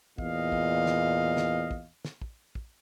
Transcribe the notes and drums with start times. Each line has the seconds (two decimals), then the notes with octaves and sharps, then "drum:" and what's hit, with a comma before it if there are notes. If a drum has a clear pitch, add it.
0.18 E2 A#2 D#5 F5, drum: kick
0.52 drum: kick
0.86 drum: snare
1.37 drum: snare
1.71 drum: kick
2.05 drum: snare
2.22 drum: kick
2.55 drum: kick